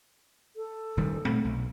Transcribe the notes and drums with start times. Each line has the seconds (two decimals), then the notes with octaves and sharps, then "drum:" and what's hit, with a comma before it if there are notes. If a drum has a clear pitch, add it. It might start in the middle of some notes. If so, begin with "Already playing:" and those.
0.56 A4
0.97 D#1 D#3 G3
1.25 A3 C4, drum: tom A#2
1.45 B1